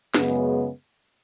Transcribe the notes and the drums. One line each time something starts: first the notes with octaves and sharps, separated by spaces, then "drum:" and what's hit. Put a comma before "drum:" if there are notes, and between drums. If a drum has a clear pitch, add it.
F#2 C#3 G#3 B3, drum: snare